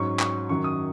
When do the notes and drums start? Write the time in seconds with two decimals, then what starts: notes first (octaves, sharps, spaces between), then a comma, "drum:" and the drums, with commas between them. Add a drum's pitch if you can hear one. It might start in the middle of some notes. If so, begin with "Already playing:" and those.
Already playing: G#2 F#3 C#4 C#6
0.19 C#6, drum: clap
0.49 F#2 D#3 F#3 C#6
0.64 D#6